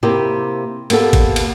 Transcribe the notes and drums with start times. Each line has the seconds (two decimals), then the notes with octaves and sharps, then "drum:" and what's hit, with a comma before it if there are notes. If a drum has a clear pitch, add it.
0.03 C3 A#3 E4 G4
0.90 A#3 B3 G4 A4, drum: cymbal
1.13 drum: kick, cymbal
1.36 drum: cymbal